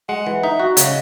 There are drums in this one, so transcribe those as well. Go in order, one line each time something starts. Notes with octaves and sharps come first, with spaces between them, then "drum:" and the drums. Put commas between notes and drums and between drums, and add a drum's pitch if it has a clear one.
G#3 F#5
E3
D#4 E5
F#4
C#3 D#5, drum: hi-hat